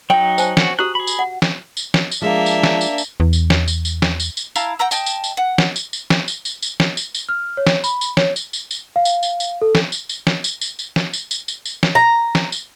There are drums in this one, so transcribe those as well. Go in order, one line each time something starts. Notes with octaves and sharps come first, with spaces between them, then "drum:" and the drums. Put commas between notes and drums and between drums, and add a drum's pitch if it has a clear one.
F#3 D#4 G5
C5 G#5 A5, drum: tambourine
F#4, drum: snare
F#4 G4 A#5 D#6 F#6
G#4 B5
drum: tambourine
F#5
drum: snare
drum: tambourine
drum: snare
drum: tambourine
F3 G#3 A#3 D4 E5
drum: tambourine
drum: snare
drum: tambourine
drum: tambourine
E2
drum: tambourine
drum: snare
drum: tambourine
drum: tambourine
drum: snare
drum: tambourine
drum: tambourine
E4 F5 A5 A#5, drum: tambourine
F#5 G5 A#5 E6
D#5 G5 A5, drum: tambourine
drum: tambourine
drum: tambourine
F#5
drum: snare
drum: tambourine
drum: tambourine
drum: snare
drum: tambourine
drum: tambourine
drum: tambourine
drum: snare
drum: tambourine
drum: tambourine
F6
C#5
drum: snare
B5, drum: tambourine
drum: tambourine
C#5, drum: snare
drum: tambourine
drum: tambourine
drum: tambourine
F5
drum: tambourine
drum: tambourine
drum: tambourine
A4
drum: snare
drum: tambourine
drum: tambourine
drum: snare
drum: tambourine
drum: tambourine
drum: tambourine
drum: snare
drum: tambourine
drum: tambourine
drum: tambourine
drum: tambourine
drum: snare
A#5
drum: snare
drum: tambourine